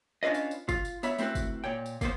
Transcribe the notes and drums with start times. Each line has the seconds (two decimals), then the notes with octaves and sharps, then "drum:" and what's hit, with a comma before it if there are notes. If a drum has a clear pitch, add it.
0.23 C#4 D4 F4 B4 D#5
0.34 drum: tambourine
0.51 drum: tambourine
0.69 F4, drum: kick, tambourine
0.85 drum: tambourine
1.03 B3 C#5 E5 B5, drum: tambourine
1.18 A3 C4 E4 F#4 B4, drum: tambourine
1.35 drum: kick, tambourine
1.64 A#2 C#5 G5
1.86 drum: tambourine
2.01 A#3 B3 C5, drum: kick, tambourine